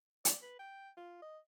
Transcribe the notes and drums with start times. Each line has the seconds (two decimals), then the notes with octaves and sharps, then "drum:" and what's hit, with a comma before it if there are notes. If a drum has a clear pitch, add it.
0.25 D5, drum: hi-hat
0.42 B4
0.59 G5
0.97 F4
1.22 D#5